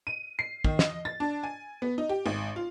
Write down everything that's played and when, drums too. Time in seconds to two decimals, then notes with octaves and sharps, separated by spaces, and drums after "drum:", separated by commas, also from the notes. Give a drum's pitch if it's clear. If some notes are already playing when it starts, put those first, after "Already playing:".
0.07 D#7
0.39 C7
0.64 D#3, drum: kick
0.79 D#5, drum: snare
1.05 A6
1.20 D4
1.43 G#5
1.82 B3
1.98 D#4
2.09 G4
2.26 G#1
2.56 F4